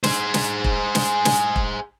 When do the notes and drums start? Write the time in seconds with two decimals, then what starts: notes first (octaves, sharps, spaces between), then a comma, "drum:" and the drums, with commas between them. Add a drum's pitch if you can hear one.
0.04 G#4 C5, drum: snare
0.34 drum: snare
0.64 drum: kick E1
0.95 drum: snare
1.25 drum: snare
1.56 drum: kick E1